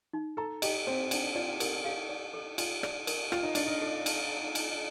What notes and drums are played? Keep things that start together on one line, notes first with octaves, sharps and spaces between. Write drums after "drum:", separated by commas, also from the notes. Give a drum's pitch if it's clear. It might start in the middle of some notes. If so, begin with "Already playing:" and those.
D#4
A4 A#5
G4 D#5, drum: cymbal
C4 C5
D4 G5, drum: cymbal
F4 D5
G4 A#4, drum: cymbal
G4 F5
D5
A4
F4 G5, drum: cymbal
D5, drum: rim click
A#4, drum: cymbal
F4 G5, drum: rim click
D#4
D4 D5, drum: cymbal
D#4
A4
drum: cymbal
drum: cymbal